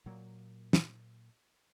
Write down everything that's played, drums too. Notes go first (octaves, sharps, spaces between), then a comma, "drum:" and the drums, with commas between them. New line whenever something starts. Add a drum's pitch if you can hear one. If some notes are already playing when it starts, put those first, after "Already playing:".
A#2 F#3 A#3
drum: snare